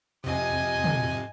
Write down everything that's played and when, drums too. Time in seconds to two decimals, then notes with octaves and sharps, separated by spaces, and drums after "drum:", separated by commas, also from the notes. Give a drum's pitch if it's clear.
0.24 F2 C3 D#5 G#5
0.84 drum: tom